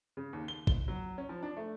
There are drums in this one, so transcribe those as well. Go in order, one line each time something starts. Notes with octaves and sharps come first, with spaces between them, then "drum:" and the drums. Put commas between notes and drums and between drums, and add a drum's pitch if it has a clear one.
C#3
D#2
G7
G7, drum: kick
F#3
C#4
F3
D4
A3